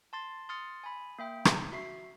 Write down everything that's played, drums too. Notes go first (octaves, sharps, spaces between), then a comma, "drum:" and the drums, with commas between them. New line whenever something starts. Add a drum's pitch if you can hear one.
A5 C6 A6
C6 D#6 F6 A6 C#7
G#5 B5
A#3 E5 G5
drum: rim click
F#4 E5 C7